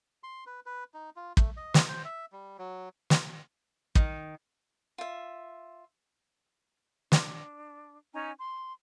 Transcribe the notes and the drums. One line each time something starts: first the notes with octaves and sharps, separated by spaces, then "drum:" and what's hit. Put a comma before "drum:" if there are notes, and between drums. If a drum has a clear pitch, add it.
C6
B4
B4
D#4
F4
A3, drum: kick
D#5
drum: snare
C5
E5
G3
F#3
drum: snare
D#3, drum: kick
F4 E5
D4, drum: snare
C#4 D#4 G#5 A#5
C6